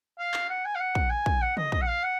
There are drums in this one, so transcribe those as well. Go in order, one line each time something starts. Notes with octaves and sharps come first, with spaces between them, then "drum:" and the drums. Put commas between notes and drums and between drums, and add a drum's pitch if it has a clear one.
F5
drum: clap
F#5
G#5
F5
F#5
drum: kick
G#5
drum: kick
F#5
D#5, drum: tom
D#5, drum: kick
F#5
F5
F#5